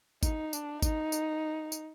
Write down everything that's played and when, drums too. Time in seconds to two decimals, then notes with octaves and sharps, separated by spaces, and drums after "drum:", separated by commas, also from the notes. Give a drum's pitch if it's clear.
0.23 D#4, drum: kick G#1, tambourine
0.53 D4, drum: tambourine
0.82 D#4, drum: kick G#1, tambourine
1.12 drum: tambourine
1.72 drum: tambourine